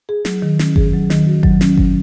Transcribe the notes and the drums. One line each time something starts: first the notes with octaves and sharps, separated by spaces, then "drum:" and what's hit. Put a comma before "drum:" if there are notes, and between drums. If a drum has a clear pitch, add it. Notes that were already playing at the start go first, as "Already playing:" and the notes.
G#4
F#3, drum: snare
D#3
C#4, drum: snare
G#4, drum: kick G1
F#3
D#3, drum: snare
F#4
F#3, drum: kick G1
C#4, drum: snare
F#3, drum: kick G1